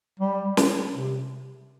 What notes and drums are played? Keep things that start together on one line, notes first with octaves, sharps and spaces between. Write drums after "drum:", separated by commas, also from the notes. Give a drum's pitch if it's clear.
G3
drum: snare
C3